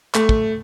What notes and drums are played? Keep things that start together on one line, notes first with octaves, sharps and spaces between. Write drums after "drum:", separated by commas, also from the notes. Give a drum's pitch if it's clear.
A3, drum: clap
drum: kick